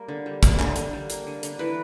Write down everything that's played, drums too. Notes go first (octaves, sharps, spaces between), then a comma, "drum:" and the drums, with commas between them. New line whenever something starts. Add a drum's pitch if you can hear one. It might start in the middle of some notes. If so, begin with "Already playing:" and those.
Already playing: G3 A#3 A#4
D3
G3
A#3, drum: kick, hi-hat
D3, drum: clap
D3, drum: hi-hat
G3
A#3, drum: hi-hat
D3
D3, drum: hi-hat
E3 B4